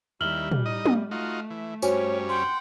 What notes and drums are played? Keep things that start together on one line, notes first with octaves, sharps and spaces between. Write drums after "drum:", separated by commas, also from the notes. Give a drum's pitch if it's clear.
D#2 G3 E4 F6 F#7 G7
drum: tom
D#4 D#5
drum: tom
A3 D#4 F4 F#4
E3
G2 C#4 F#4 C5 C#5 G#5, drum: tambourine
F#5 G5 C6